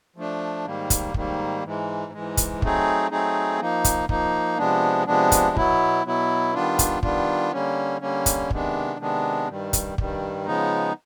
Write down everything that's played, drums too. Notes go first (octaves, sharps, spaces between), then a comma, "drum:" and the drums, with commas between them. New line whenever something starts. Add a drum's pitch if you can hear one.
F3 A3 D4
G#2 D#3 G3 A#3
drum: kick, hi-hat
G#2 D#3 G3 A#3, drum: kick
G#2 E3 G#3
G#2 E3 G#3
drum: kick, hi-hat
F#3 A3 C4 D#4 G#4, drum: kick
F#3 A3 C4 D#4 G#4
F3 A#3 D#4
drum: kick, hi-hat
F3 A#3 D#4, drum: kick
C3 F3 G#3 B3 D4
C3 F3 G#3 B3 D4
drum: kick, hi-hat
B2 F#3 B3 E4, drum: kick
B2 F#3 B3 E4
D#3 G3 B3 D4 F4
drum: kick, hi-hat
D#3 G3 B3 D4 F4, drum: kick
D3 G3 A#3 C#4
D3 G3 A#3 C#4
drum: kick, hi-hat
C3 D#3 G#3 B3 D4, drum: kick
C3 D#3 G#3 B3 D4
G2 D#3 G3
drum: kick, hi-hat
G2 D#3 G3, drum: kick
C#3 F3 G#3 B3 D#4